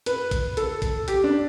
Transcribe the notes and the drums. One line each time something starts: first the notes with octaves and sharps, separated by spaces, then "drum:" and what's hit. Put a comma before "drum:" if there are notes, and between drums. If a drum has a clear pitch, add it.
B4, drum: hi-hat
drum: kick, hi-hat
A4, drum: hi-hat
drum: kick, hi-hat
G4, drum: hi-hat
D4